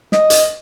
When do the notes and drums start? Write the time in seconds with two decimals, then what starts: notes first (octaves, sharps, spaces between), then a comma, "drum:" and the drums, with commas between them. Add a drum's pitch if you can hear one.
0.12 D#5, drum: snare
0.30 drum: hi-hat